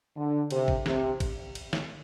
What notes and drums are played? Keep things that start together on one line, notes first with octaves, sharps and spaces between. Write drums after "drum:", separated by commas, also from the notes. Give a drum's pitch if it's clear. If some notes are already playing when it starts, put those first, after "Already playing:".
D3
C3, drum: cymbal
drum: kick
C3, drum: snare
drum: kick, cymbal
drum: cymbal
drum: snare